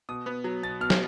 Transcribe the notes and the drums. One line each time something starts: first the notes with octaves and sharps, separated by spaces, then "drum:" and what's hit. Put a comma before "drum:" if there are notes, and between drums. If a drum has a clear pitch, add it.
B2 D#6
B3
F#3
B2 A6
B2 F6
drum: snare